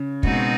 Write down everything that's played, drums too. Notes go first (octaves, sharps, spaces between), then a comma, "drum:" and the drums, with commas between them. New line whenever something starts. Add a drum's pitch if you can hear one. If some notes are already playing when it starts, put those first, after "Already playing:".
Already playing: C#3
B2 G#3 C4 D#4 F#4, drum: kick